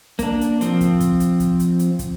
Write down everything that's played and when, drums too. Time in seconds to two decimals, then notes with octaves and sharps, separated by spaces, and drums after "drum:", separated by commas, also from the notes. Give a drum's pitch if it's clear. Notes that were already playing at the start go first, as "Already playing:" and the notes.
0.19 A#3 D4, drum: kick, hi-hat
0.41 drum: hi-hat
0.61 F3 C4, drum: hi-hat
0.81 drum: kick, hi-hat
1.00 drum: kick, hi-hat
1.20 drum: hi-hat
1.40 drum: kick, hi-hat
1.60 drum: hi-hat
1.79 drum: hi-hat
1.99 drum: kick, hi-hat